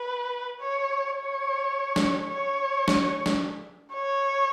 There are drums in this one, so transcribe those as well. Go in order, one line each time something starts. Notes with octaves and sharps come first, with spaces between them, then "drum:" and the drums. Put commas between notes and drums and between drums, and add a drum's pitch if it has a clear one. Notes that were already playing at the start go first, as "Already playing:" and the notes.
Already playing: B4
C#5
C#5
drum: snare
C#5
drum: snare
drum: snare
C#5